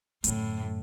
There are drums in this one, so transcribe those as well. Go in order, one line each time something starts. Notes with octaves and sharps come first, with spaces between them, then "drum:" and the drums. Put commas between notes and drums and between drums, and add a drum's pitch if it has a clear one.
F#2 A2 D3, drum: hi-hat